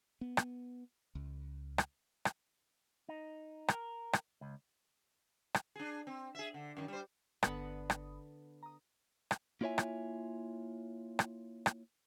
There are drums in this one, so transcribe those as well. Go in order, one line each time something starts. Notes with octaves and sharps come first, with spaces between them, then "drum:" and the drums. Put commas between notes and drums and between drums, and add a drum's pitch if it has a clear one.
B3
drum: rim click
C#2
drum: rim click
drum: rim click
D#4
A#4, drum: rim click
drum: rim click
C#2
drum: rim click
D4 G#4
C4
G#4 E5
D3
F#2 D#3
G3 C5
G1 D3 B3 F#5 B5 D#6, drum: rim click
drum: rim click
A#5 D#6
drum: rim click
A#3 E4 F4 C#5 E5 G#5
drum: rim click
drum: rim click
drum: rim click